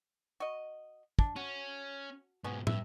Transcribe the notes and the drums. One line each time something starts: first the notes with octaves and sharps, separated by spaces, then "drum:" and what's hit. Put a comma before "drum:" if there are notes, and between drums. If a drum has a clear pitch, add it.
F#4 D#5
D4, drum: kick
C#4 F#4
G#2 B2 B3 C#4
G2 E5, drum: tom